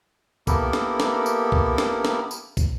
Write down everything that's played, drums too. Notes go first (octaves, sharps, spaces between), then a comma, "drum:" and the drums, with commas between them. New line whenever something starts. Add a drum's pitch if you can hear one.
A#3 B3 E4 G4 A4 A#4, drum: kick, tambourine
drum: snare
drum: snare
drum: tambourine
drum: kick
drum: snare
drum: snare
drum: tambourine
drum: kick, tambourine